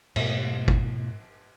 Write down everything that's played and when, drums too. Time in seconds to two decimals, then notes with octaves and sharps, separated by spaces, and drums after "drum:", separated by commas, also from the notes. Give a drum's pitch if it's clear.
0.16 G#2 B2 G#3 A3, drum: cymbal
0.68 drum: kick